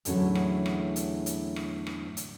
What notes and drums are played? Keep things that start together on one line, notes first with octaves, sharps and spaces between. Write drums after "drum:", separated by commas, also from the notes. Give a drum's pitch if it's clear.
E2 A2 D3 E3 F#3 C#4, drum: hi-hat
drum: rim click
drum: rim click
drum: hi-hat
drum: hi-hat
drum: rim click
drum: rim click
drum: hi-hat